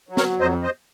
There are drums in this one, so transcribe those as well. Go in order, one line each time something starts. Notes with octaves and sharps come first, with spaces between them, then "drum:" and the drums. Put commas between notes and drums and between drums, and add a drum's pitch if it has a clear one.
F#3
A#4 C#5, drum: snare
F2 C5 D#5
C5 D#5